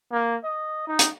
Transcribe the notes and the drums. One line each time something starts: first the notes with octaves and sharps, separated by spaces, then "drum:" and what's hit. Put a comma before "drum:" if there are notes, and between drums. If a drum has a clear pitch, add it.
A#3
D#5
D#4
drum: hi-hat